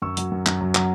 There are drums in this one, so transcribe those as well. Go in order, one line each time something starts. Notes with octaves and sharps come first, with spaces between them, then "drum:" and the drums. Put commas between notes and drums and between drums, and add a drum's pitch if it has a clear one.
F#2 C#6 E6
F#3, drum: hi-hat
F#2
F#2, drum: clap
F#3
F#3, drum: clap